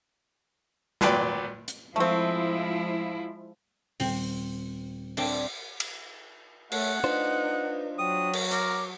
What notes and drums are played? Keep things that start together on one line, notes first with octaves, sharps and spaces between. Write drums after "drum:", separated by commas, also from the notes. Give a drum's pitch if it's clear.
G#1 A#2 F#3 B4 D5 G5, drum: snare
drum: hi-hat
F3 G#3 A3 C4 E4
D#1 C4, drum: open hi-hat
C4 D4, drum: cymbal
drum: cymbal
A3 C#5 F#5, drum: cymbal
D4 D#4 F4 B4 C5
F#3 G5 D#6
drum: cymbal
A#4 D6, drum: hi-hat